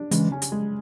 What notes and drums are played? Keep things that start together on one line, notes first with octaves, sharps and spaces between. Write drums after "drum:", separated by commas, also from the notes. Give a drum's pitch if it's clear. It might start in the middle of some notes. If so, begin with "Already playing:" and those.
Already playing: D4
C#3 E3 G#3, drum: hi-hat
C#4
drum: hi-hat
G#3